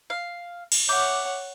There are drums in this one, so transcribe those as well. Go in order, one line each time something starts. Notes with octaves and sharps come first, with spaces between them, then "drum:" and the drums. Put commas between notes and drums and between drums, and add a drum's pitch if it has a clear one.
F5
drum: cymbal
C#5 E5 F#5 D6 G6